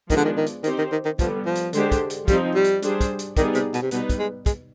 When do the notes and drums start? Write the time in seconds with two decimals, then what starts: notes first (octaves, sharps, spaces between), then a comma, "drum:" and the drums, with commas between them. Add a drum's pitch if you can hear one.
0.10 D#3 F3 G#3 B3 D4 G#4, drum: kick, hi-hat
0.17 D3
0.25 D#3
0.37 D#3
0.46 drum: hi-hat
0.64 D#3 C4 D#4 G4 C5, drum: hi-hat
0.78 D#3
0.92 D#3
1.05 D#3
1.19 D3 F3 G3 B3, drum: kick, hi-hat
1.46 F3
1.55 drum: hi-hat
1.73 D3 G#3 D4 G4 C5, drum: hi-hat
1.92 drum: kick, hi-hat
2.10 drum: hi-hat
2.28 F3 G3 C4 D#4, drum: kick, hi-hat
2.55 G3
2.64 drum: hi-hat
2.82 G3 D4 G#4 C5, drum: hi-hat
3.01 drum: kick, hi-hat
3.19 drum: hi-hat
3.37 D#3 G3 B3 D#4 G#4 D5, drum: kick, hi-hat
3.55 C3, drum: hi-hat
3.74 B2, drum: hi-hat
3.82 C3
3.91 B2 G3 B3 D#4 B4, drum: hi-hat
4.10 drum: kick, hi-hat
4.19 G#3
4.46 G#3, drum: kick, hi-hat